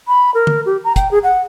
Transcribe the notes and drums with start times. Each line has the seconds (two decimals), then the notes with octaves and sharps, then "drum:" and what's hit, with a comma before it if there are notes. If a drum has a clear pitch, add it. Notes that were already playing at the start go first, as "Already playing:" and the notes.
0.08 B5
0.34 A#4
0.47 drum: tom
0.66 G4
0.84 A#5
0.96 G5, drum: kick, hi-hat
1.11 G#4
1.23 F#5